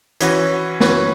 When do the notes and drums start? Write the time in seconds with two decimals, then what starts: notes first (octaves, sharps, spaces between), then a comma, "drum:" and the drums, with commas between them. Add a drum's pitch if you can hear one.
0.21 E3 C#4 F#4 B4, drum: hi-hat
0.80 E3 C#4 F#4 B4, drum: snare